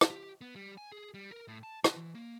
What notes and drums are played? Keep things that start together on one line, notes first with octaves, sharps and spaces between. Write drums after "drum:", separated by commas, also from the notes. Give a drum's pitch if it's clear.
drum: rim click
G4
B3
G3
G#5
G#4
G3
A#4
A2
A5
B4, drum: rim click
E3
A#3